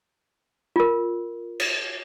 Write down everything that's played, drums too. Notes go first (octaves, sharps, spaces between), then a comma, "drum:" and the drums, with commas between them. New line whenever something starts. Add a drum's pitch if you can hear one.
F4 A#4
drum: cymbal